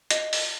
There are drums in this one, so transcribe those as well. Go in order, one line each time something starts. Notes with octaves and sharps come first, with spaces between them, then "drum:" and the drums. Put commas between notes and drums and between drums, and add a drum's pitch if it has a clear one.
D#5, drum: hi-hat
drum: open hi-hat